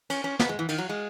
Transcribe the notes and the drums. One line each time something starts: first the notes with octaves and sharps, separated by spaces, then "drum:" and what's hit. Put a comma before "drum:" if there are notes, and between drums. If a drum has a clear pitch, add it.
C#4, drum: cymbal
C#4
B3, drum: snare
G#3
E3
D#3, drum: cymbal
F#3
G#3